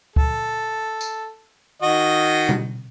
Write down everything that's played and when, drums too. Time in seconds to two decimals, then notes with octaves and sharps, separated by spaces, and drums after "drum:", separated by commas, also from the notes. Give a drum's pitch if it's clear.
0.16 A4, drum: kick C#2
1.01 drum: tambourine
1.82 D#3 F#4 D#5
2.49 drum: tom B2